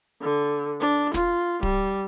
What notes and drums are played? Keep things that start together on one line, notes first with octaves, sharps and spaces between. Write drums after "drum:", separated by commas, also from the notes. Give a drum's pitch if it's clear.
D3
D4
F4, drum: snare
G3, drum: kick D1